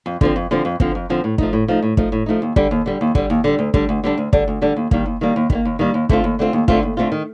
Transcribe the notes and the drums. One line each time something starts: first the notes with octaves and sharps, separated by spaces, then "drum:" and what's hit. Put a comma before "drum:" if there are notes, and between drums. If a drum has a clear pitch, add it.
F2
D3 F3 C4, drum: kick
F2
D3 F3 C4
F2
D3 F3 C4, drum: kick
F2
D3 F3 C4
A2
F3 A3 D#4, drum: kick
A2
F3 A3 D#4
A2
F3 A3 D#4, drum: kick
A2
F3 A3 D#4
D#2
D3 G3, drum: kick
D#2
D3 G3
D#2
D3 G3, drum: kick
D#2
D3 G3
D2
D3 G3 D4, drum: kick
D2
D3 G3 D4
D2
D3 G3 D4, drum: kick
D2
D3 G3 D4
D#2
D#3 G3 A#3, drum: kick
D#2
D#3 G3 A#3
D#2
D#3 G3 A#3, drum: kick
D#2
D#3 G3 A#3
D#2
D3 A3 C4 F4, drum: kick
D#2
D3 A3 C4 F4
D#2
D3 A3 C4 F4, drum: kick
D#2
D3 A3 C4 F4
D#3